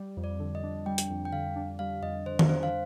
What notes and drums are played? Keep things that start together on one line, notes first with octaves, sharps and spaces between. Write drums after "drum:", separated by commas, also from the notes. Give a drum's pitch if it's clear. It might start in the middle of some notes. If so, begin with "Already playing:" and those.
Already playing: G3
F2
D5
D3
D#5
D4
G3 G5
drum: hi-hat
F2
G5
D3 F5
D4
G3 F5
F2 D#5
D3 C5
drum: tom D#3
D4 C5
F5